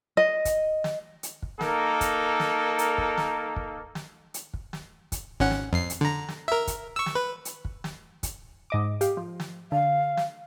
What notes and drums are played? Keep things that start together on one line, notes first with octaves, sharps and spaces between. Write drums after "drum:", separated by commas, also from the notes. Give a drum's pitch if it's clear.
D#5
drum: kick, hi-hat
drum: snare
drum: hi-hat
drum: kick
A#3 D#4 A4 A#4, drum: snare
drum: kick, hi-hat
drum: snare
drum: hi-hat
drum: kick
drum: snare
drum: kick
drum: snare
drum: hi-hat
drum: kick
drum: snare
drum: kick, hi-hat
G#1 C#4 F#5
drum: snare
F2 C7
drum: hi-hat
D3 A#5
drum: snare
A#4 E5
drum: kick, hi-hat
C#6 E6
drum: snare
B4
drum: hi-hat
drum: kick
drum: snare
drum: kick, hi-hat
G#2 D#5 D6
G4 F5, drum: hi-hat
F3
drum: snare
D3 F5
drum: snare